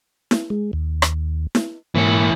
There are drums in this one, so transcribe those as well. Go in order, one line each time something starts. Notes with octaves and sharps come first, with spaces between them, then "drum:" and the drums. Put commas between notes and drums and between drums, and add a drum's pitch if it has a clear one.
drum: snare E4
G#3
D#2
drum: rim click
drum: snare E4
G#2 E3 A#3 C#5